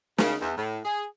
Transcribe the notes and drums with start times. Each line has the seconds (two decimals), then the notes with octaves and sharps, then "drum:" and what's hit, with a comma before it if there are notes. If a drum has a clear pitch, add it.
0.18 C#3, drum: snare
0.41 E2
0.57 A2
0.85 G#4